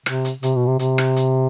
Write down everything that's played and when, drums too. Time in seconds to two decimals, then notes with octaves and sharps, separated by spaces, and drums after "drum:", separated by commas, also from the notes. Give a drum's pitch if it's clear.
0.06 C3, drum: rim click
0.25 drum: hi-hat
0.43 C3, drum: hi-hat
0.55 B2
0.67 C3
0.79 C3, drum: hi-hat
0.98 drum: rim click
1.16 drum: hi-hat